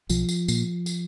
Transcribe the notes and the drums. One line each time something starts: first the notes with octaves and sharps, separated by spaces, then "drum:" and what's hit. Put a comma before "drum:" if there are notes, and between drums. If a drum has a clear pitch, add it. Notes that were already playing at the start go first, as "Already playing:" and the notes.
B1 F3, drum: tambourine
drum: tambourine
A#2, drum: tambourine
drum: tambourine